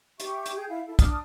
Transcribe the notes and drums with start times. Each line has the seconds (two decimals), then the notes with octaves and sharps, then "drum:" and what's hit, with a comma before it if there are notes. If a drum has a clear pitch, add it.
0.20 G4 E5 C#6, drum: hi-hat
0.46 drum: hi-hat
0.55 G#4 G5 G6
0.68 E4 F5
0.87 E4 A4
0.99 D4 D#6 F6, drum: kick, hi-hat